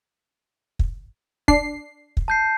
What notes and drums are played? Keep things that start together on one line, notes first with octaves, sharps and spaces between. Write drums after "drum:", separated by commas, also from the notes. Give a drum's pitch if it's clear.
drum: kick
D4 C7, drum: kick
drum: kick
A5 G6 C7